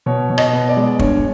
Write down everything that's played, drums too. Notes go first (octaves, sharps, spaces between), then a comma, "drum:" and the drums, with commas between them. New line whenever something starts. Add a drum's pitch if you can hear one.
B2 C#5
B2
D#5, drum: rim click
B3
D5
G#3
G2 C#5, drum: kick